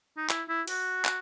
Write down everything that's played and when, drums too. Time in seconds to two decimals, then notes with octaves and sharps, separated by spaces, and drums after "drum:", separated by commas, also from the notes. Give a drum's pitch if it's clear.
0.17 D#4
0.30 E4, drum: clap
0.49 E4
0.68 F#4, drum: open hi-hat
1.05 drum: clap